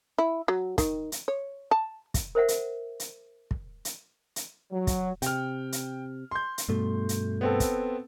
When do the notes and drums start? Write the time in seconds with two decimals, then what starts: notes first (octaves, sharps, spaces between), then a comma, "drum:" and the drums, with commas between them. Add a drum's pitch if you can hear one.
0.18 E4
0.48 F#3
0.78 D#3, drum: kick, hi-hat
1.12 drum: hi-hat
1.28 C#5
1.71 A5
2.14 drum: kick, hi-hat
2.35 A#4 C5 E5 F#5
2.48 drum: hi-hat
3.00 drum: hi-hat
3.51 drum: kick
3.85 drum: hi-hat
4.36 drum: hi-hat
4.72 F#3
4.87 drum: kick, hi-hat
5.22 C3 G5 F6, drum: hi-hat
5.72 drum: hi-hat
6.31 C6 G6
6.58 drum: hi-hat
6.69 G2 B2 A3
7.09 drum: hi-hat
7.41 B3 C4 A4
7.60 drum: kick, hi-hat